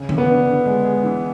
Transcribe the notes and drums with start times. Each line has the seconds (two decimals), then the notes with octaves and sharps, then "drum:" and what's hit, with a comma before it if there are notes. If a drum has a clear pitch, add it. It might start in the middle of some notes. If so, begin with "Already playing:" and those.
Already playing: C#3
0.09 E3, drum: tom D#3
0.18 B3
0.28 D4
0.47 D3
0.66 G#3
0.84 G#4
1.04 E3